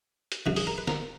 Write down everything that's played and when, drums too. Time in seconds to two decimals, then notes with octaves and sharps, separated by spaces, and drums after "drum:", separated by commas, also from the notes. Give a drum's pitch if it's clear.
0.32 drum: hi-hat
0.46 F#2 C#3 E3 F#4
0.56 G#4, drum: open hi-hat
0.67 A#4
0.78 B4
0.88 A#4, drum: snare